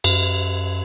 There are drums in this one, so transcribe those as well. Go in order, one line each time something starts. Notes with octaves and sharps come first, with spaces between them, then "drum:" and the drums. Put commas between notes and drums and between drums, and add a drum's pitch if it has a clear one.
F#2, drum: cymbal